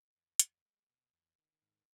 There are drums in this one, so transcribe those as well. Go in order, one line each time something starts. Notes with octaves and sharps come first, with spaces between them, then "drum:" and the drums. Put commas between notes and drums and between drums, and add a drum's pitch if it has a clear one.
E2
E2, drum: hi-hat
G#3
B2
E2
D#3
G#2